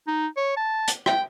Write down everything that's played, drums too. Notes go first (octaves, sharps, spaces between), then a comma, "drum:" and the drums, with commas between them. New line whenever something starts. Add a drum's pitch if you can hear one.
D#4
C#5
A5
drum: hi-hat
G5, drum: rim click